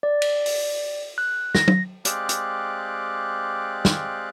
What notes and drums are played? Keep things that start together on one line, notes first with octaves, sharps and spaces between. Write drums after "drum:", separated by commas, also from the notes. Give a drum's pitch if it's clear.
D5
drum: cymbal
drum: open hi-hat
F#6
A#6, drum: snare
drum: tom F#3
G#3 C4 G4 D5 F5 F#6, drum: hi-hat
drum: hi-hat
drum: snare